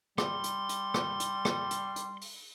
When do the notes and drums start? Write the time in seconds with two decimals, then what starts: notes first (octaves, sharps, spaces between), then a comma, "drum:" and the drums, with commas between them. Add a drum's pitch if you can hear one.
0.18 G3 C6, drum: rim click
0.44 drum: hi-hat
0.69 drum: hi-hat
0.94 drum: rim click
1.20 drum: hi-hat
1.45 drum: rim click
1.71 drum: hi-hat
1.96 drum: hi-hat
2.21 drum: open hi-hat